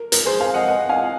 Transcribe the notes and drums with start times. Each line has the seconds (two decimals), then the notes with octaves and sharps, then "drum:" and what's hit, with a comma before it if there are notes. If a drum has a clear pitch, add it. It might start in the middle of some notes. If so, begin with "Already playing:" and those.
Already playing: A#4
0.12 A#4, drum: hi-hat
0.25 G#4 C5
0.40 F5 G#5
0.54 D#5 F#5
0.68 D#5 F#5
0.89 F5 G#5